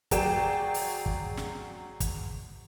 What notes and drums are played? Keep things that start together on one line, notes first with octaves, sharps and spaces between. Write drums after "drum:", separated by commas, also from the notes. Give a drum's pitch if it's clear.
F#3 G#4 D5 G5 E7, drum: kick, hi-hat
drum: open hi-hat
drum: kick
drum: snare
drum: kick, hi-hat